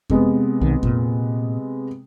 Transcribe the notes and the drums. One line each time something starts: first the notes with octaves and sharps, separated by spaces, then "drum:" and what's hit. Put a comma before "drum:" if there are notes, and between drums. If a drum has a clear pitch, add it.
C3 G#3 B3, drum: kick F2
B1 D#3
A#2, drum: kick F2